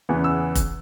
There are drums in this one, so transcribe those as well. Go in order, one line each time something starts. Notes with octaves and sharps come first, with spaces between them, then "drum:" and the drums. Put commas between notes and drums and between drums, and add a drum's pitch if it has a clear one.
E2 C#3 E3 B3
E6
drum: kick F1, hi-hat